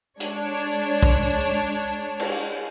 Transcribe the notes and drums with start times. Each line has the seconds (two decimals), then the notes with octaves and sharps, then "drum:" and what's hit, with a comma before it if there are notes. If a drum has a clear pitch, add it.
0.20 G#3 D4 C#5, drum: hi-hat
1.03 drum: kick
2.20 drum: cymbal